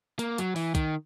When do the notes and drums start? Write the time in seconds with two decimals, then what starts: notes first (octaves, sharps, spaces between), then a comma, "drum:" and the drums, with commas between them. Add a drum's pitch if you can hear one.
0.19 A#3, drum: hi-hat
0.38 F#3, drum: hi-hat
0.56 E3, drum: open hi-hat
0.75 D#3, drum: kick, hi-hat